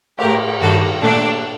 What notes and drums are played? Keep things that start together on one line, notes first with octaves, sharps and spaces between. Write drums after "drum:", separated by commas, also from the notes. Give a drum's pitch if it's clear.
A2 A3 G4 A#4, drum: cymbal
G2 D#3 G3 F#4 A4
A#2 A3 D4